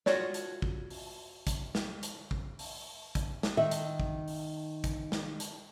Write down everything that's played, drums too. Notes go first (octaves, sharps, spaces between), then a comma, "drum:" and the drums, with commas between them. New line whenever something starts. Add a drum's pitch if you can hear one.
F4 F#4 C#5 D5, drum: snare
drum: hi-hat
drum: kick
drum: open hi-hat
drum: kick, hi-hat
drum: snare
drum: hi-hat
drum: kick
drum: open hi-hat
drum: kick, hi-hat
drum: snare
D#3 E5
drum: hi-hat
drum: kick
drum: open hi-hat
drum: kick, hi-hat
drum: snare
drum: hi-hat